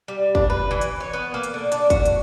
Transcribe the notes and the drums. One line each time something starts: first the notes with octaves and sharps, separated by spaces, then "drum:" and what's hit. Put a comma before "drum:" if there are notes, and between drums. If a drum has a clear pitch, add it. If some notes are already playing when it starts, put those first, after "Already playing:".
G3
D4, drum: kick
B4
E3
drum: hi-hat
C#5
B3
A#3
drum: hi-hat
D3
D4, drum: hi-hat
F#4, drum: kick, hi-hat
drum: hi-hat